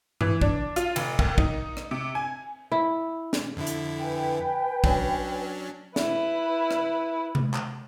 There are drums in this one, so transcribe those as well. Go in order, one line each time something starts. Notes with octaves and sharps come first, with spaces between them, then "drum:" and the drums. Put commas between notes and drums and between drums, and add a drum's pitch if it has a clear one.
E3, drum: tom G2
D4, drum: kick
F4, drum: hi-hat
F1, drum: cymbal
D#2, drum: kick
D#4, drum: kick
drum: rim click
C3
G#5
E4
drum: snare
F2 D3 E4
drum: hi-hat
B4 G5 G#5
F#3 C#4 D4, drum: kick
E4 B4, drum: snare
drum: rim click
drum: tom C3
drum: clap